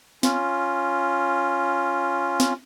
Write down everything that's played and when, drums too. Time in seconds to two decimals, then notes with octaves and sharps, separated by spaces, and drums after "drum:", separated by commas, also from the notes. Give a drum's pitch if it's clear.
0.23 C#4 F4, drum: snare
2.40 drum: snare